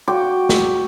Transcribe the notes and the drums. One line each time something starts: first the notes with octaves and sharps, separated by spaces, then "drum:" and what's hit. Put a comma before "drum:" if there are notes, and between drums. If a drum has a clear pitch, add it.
F#4 G5 D6
drum: snare